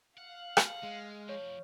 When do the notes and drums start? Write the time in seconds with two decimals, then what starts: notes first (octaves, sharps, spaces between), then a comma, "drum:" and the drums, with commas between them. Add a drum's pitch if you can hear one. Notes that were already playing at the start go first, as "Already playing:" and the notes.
0.17 F5 F#5
0.57 drum: rim click
0.83 G#3
1.29 F3 A3 C#5